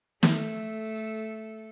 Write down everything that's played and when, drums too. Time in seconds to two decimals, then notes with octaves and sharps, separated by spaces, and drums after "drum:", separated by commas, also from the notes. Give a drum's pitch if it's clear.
0.23 A3 A4, drum: snare